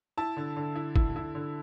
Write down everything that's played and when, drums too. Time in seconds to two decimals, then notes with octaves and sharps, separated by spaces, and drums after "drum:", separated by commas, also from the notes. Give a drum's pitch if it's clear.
0.17 E4 A5
0.37 D3
0.56 D3
0.76 E4
0.96 E4, drum: kick
1.16 E4
1.35 D3